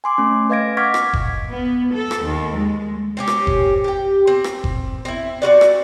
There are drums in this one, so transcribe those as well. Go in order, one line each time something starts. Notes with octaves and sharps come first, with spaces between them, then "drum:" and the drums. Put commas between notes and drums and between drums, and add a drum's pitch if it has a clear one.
G#5 C6 D6
A3 C#4
B4 D#5 F5 G#6 A#6 D7
F#5 C#6 D6 F6 G#6 B6
drum: rim click
drum: kick F#1
B3
A4
drum: rim click
D#2
G#3
C4 C#4 G4
drum: rim click
drum: kick F#1
G4 G5
C4
drum: rim click
drum: kick F#1
C4 E4
C4 F4 F#4 D5
drum: rim click